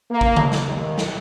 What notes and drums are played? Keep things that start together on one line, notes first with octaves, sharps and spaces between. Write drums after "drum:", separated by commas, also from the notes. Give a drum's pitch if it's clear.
A#3
drum: kick A1
drum: tom C#3
drum: snare
D#2
drum: snare